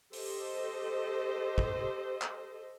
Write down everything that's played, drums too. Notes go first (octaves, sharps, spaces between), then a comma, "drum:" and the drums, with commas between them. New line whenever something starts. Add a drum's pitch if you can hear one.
G4 A4 C5 D#5, drum: open hi-hat
drum: kick
drum: clap